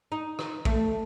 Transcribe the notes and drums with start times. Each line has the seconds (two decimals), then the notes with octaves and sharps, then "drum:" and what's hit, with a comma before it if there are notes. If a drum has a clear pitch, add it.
0.12 D#4
0.39 drum: rim click
0.65 A3, drum: kick